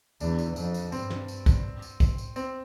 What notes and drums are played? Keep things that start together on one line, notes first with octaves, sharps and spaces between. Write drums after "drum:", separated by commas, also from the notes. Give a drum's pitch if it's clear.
E2 D4, drum: tambourine
drum: tambourine
F2, drum: tambourine
drum: tambourine
G2 C4, drum: tambourine
drum: snare
drum: tambourine
drum: kick, tambourine
drum: tambourine
drum: kick, tambourine
drum: tambourine
C4, drum: tambourine